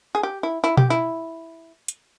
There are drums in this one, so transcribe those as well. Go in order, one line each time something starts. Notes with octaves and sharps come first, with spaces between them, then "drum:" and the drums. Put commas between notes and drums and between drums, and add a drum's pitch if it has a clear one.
G#4
G4
E4
E4
G4, drum: tom B2
E4
drum: hi-hat